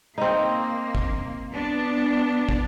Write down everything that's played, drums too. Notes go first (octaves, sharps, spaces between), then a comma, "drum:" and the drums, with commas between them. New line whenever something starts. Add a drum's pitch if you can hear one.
A#3 C4 D#4
drum: kick
B3 D4
drum: kick